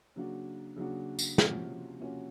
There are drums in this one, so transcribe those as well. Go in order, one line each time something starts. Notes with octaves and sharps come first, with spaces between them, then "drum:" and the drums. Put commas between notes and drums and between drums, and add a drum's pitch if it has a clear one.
C#3 F#3 A#3 D4 F#4
C#3 F#3 A#3 D4 F#4
drum: tambourine
C3 F3 A#3 C#4 F#4, drum: snare
C3 F3 A#3 C#4 F#4